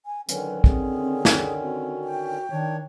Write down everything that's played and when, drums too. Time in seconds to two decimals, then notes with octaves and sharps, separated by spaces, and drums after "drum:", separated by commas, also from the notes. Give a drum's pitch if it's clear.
0.05 G#5
0.29 D3 D#3 F#3 C#4 B4, drum: hi-hat
0.64 C4 G#4, drum: kick
1.25 drum: snare
1.62 C4 F#4
2.04 G5
2.51 D#3 D4 C#5